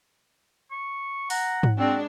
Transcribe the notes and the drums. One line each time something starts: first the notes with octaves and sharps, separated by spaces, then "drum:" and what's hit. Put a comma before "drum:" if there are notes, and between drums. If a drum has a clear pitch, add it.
C#6
F#5 A#5, drum: open hi-hat
drum: tom G#2
G#3 C4 D4 F#4